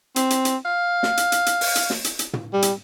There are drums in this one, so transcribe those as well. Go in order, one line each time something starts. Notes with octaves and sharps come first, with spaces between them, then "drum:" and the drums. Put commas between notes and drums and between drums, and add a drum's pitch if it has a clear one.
C4, drum: hi-hat
drum: hi-hat
drum: hi-hat
F5
drum: snare
drum: hi-hat
drum: hi-hat
drum: hi-hat
drum: open hi-hat
drum: hi-hat
drum: snare
drum: hi-hat
drum: hi-hat
drum: tom
G3
drum: hi-hat